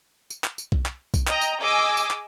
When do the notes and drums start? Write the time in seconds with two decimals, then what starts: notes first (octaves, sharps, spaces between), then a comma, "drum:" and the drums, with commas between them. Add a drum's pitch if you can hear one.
0.30 drum: tambourine
0.44 drum: clap
0.58 drum: tambourine
0.72 drum: kick B1
0.86 drum: clap
1.14 drum: kick B1, tambourine
1.28 D#5 G5 A#5, drum: clap
1.41 drum: tambourine
1.62 G#4 D#5 G#5 D6 E6
1.97 drum: tambourine
2.11 drum: clap